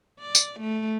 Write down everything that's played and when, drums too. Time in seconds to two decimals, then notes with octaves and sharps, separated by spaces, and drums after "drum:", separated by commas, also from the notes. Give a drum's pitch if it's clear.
0.20 D5
0.35 drum: tambourine
0.60 A3